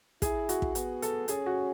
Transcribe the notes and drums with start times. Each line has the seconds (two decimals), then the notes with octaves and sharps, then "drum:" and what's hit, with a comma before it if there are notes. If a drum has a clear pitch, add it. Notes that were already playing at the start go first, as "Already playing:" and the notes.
0.22 E4 G#4, drum: kick, hi-hat
0.49 F#4, drum: hi-hat
0.62 drum: kick
0.75 B3, drum: hi-hat
1.02 A4, drum: hi-hat
1.28 C#4 G#4, drum: hi-hat
1.46 F#4